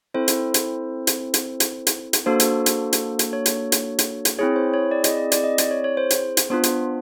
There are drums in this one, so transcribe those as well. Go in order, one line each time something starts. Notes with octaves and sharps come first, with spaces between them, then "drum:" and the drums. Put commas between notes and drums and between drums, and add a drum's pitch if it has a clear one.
C4 E4 A4 C5
drum: hi-hat
drum: hi-hat
drum: hi-hat
drum: hi-hat
drum: hi-hat
drum: hi-hat
drum: hi-hat
A#3 D4 F#4 A4 C5
drum: hi-hat
drum: hi-hat
drum: hi-hat
drum: hi-hat
C#5
drum: hi-hat
drum: hi-hat
drum: hi-hat
drum: hi-hat
C4 E4 G#4 C#5
C5
C#5
D5
D#5, drum: hi-hat
D5
D5, drum: hi-hat
D#5
D5, drum: hi-hat
C#5
C#5
C5
drum: hi-hat
drum: hi-hat
B3 D4 F4 C5
drum: hi-hat